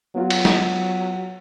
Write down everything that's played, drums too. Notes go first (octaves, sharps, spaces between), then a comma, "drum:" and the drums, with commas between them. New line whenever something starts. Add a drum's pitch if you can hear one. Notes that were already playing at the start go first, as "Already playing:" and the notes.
F#3 B3 F4 F#4
drum: cymbal
drum: snare